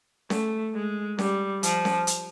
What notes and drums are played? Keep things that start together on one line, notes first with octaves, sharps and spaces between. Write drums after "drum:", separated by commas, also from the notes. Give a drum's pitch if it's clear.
A3, drum: snare C#4
G#3
G3, drum: snare C#4
F3, drum: hi-hat
drum: snare C#4
drum: hi-hat